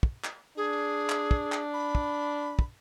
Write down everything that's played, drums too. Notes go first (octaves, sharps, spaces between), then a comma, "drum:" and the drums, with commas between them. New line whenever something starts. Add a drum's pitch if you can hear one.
drum: kick
drum: clap
D4 G#4
drum: clap
drum: kick
drum: clap
B5
drum: kick
drum: kick